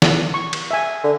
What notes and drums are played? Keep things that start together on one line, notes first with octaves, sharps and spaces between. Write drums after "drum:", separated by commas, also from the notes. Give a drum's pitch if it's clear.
drum: snare
C#6
drum: cymbal
E5 G#5
D3